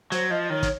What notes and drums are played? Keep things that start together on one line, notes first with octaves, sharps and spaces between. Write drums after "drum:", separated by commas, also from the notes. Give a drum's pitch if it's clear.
F#3 C5, drum: hi-hat
F3 D#5
D#5
D#3 C#5
drum: kick, hi-hat